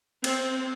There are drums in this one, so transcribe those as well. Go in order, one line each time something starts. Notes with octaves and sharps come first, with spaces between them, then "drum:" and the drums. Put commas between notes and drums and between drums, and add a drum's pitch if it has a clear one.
C4, drum: cymbal